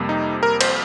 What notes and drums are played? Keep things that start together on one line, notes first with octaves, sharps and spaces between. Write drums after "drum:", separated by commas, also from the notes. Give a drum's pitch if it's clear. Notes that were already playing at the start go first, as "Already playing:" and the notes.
Already playing: F2 C3 G3 A#3
D#4
A#4
C5, drum: cymbal